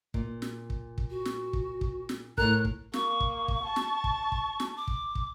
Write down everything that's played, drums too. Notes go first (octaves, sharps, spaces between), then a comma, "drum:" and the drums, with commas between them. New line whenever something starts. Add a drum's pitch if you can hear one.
A#2, drum: kick
drum: snare
drum: kick
drum: kick
F#4
drum: snare
drum: kick
drum: kick
drum: snare
A2 A4 A#4 A#5 F#6, drum: kick
drum: kick
A#3 C#6, drum: snare
drum: kick
drum: kick
A5
drum: snare
drum: kick
drum: kick
drum: snare
D6
drum: kick
drum: kick